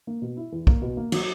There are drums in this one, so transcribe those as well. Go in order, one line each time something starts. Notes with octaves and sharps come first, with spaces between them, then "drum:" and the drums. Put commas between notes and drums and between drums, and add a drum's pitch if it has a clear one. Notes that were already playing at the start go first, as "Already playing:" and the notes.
A#3
B2
E4
E2
A#3, drum: kick
B2
A#3
F#3, drum: cymbal